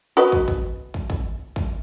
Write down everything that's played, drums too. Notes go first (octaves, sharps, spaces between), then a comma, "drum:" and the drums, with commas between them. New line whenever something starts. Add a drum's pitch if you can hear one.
F#4 B4 D#5
drum: kick
drum: kick
drum: kick
drum: kick
drum: kick